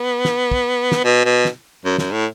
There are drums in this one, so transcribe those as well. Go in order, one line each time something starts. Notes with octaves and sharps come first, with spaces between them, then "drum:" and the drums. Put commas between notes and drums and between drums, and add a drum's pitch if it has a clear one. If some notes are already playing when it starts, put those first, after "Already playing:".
Already playing: B3
drum: snare
drum: kick
drum: snare
B2
B2
drum: snare
F#2
F#2, drum: snare
A2